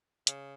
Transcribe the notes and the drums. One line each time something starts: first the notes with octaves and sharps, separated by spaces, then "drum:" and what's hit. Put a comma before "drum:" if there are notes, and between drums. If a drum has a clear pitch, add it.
C#3, drum: hi-hat